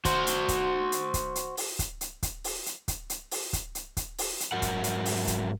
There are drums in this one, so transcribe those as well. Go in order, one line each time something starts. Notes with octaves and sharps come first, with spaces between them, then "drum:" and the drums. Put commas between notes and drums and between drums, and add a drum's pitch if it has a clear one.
F#4 C5, drum: kick, hi-hat
drum: hi-hat
drum: kick, hi-hat
drum: hi-hat
drum: kick, hi-hat
drum: hi-hat
drum: open hi-hat
drum: kick, hi-hat
drum: hi-hat
drum: kick, hi-hat
drum: open hi-hat
drum: hi-hat
drum: kick, hi-hat
drum: hi-hat
drum: open hi-hat
drum: kick, hi-hat
drum: hi-hat
drum: kick, hi-hat
drum: open hi-hat
drum: hi-hat
G#2 F#3 A#4 F#5
drum: kick, hi-hat
drum: hi-hat
drum: open hi-hat
drum: kick, hi-hat